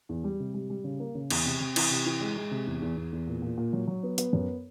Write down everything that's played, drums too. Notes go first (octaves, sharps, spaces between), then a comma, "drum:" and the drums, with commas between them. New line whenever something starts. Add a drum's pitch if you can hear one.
E2
G3
C3
G3
G3
C#3
A#3
C#3
E2, drum: cymbal
C3
C3
E3, drum: cymbal
C3
E3
G#3
G#3
C3
E2
E2
E2
E2
A#2
A#2
A#2
F#3
F#3
B3
B3, drum: hi-hat
F#2